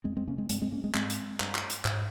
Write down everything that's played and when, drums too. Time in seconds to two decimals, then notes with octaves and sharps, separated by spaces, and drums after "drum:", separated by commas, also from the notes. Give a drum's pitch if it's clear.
0.04 F2 G#3 C4
0.17 G#3 C4
0.28 C3 A#3 C#4
0.38 G#3 C4
0.49 G2 G#3 C4, drum: hi-hat
0.62 G#3 C4
0.72 A#3 C#4
0.84 G#3 C4
0.94 G#2 G#3 C4, drum: clap
1.10 drum: hi-hat
1.40 G2, drum: clap
1.55 drum: clap
1.70 drum: hi-hat
1.85 G#2, drum: clap